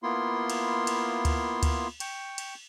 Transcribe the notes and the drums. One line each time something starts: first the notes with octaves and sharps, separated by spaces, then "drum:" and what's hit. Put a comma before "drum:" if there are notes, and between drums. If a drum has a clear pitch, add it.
A#3 B3 E4 F4 C6
drum: cymbal
drum: cymbal
drum: kick D2, cymbal
drum: kick D2, cymbal
G5 C#6, drum: cymbal
drum: cymbal